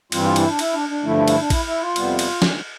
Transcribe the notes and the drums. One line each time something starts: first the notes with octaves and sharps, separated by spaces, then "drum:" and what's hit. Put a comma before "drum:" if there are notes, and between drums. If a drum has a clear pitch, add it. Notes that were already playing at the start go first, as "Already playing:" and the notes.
G2 E3 G3 C4 F4, drum: cymbal
F4
E4, drum: cymbal
D4
E4, drum: cymbal
D4
D4
G2 D3 F3 A3 E4
E4
E4, drum: cymbal
D4
E4, drum: kick A1, cymbal
E4
F4
F2 C3 G3 B3, drum: cymbal
drum: cymbal
drum: snare